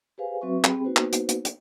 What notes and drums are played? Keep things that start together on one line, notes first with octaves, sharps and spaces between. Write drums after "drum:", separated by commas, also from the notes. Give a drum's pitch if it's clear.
G4 G#4 B4 C5 F5 G#5
F#3 C4 F#4 B4 E5 C#6
C4 G4 G#4 G5 B5, drum: clap
A#3 B3 D#4 F#4 B4 C5
drum: clap
drum: hi-hat
drum: hi-hat
drum: hi-hat